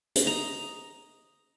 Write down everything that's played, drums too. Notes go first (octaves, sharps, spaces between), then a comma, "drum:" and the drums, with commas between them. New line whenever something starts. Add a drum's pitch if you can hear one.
drum: hi-hat
D#5 A#5